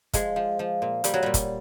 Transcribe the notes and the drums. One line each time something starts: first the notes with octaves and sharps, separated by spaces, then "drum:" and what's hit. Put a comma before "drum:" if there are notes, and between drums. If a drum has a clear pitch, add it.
F3 G#3, drum: kick, hi-hat
F3
F3
A#2
A#2 G3, drum: hi-hat
F#3
A#2 G3
drum: kick, hi-hat